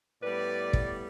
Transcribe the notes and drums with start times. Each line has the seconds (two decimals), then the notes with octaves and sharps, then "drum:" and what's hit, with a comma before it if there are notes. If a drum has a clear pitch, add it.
0.22 A2 G3 B3 B4 D5
0.73 drum: kick